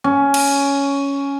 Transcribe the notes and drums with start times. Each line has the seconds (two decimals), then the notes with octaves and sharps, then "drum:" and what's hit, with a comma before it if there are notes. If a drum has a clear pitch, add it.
0.04 C#4
0.34 drum: cymbal